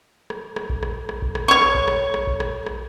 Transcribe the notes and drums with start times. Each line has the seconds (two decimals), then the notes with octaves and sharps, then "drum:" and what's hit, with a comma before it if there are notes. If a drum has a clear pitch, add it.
0.30 drum: rim click
0.56 drum: rim click
0.70 drum: kick A#1
0.83 drum: rim click
1.09 drum: rim click
1.22 drum: kick A#1
1.35 drum: rim click
1.48 C#5 C#6
1.61 drum: rim click
1.75 drum: kick A#1
1.88 drum: rim click
2.14 drum: rim click
2.27 drum: kick A#1
2.40 drum: rim click
2.66 drum: rim click